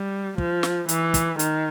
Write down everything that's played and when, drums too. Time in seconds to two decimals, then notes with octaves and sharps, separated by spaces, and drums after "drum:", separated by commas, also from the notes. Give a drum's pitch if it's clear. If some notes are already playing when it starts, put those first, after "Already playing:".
Already playing: G3
0.38 F3, drum: kick
0.63 drum: snare
0.89 E3, drum: hi-hat
1.14 drum: kick, hi-hat
1.39 D#3, drum: hi-hat